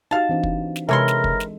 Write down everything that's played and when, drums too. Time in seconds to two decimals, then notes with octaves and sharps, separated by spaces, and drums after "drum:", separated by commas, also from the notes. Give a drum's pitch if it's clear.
0.11 D#4 F#4 G4 F5 A5
0.29 E3 C4 D4
0.43 drum: kick
0.76 drum: snare
0.89 C3 E3 G#3 A4 A#4 C#5 C6
1.08 drum: snare
1.24 drum: kick
1.40 drum: snare